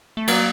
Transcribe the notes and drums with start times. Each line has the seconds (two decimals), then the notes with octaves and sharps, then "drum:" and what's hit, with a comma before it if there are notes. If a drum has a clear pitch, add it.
0.17 A3
0.27 F#3 A#3, drum: cymbal